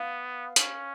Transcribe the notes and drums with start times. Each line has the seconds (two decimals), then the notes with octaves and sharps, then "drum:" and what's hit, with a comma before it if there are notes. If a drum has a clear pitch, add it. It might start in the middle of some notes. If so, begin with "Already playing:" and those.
Already playing: B3 F5
0.56 C#4, drum: hi-hat